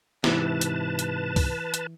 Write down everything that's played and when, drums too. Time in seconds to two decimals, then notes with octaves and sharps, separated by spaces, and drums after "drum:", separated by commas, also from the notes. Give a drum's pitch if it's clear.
0.24 G#2 C3 E3 B4 A5, drum: snare
0.61 drum: hi-hat
0.99 drum: hi-hat
1.36 drum: kick C2, open hi-hat
1.74 drum: hi-hat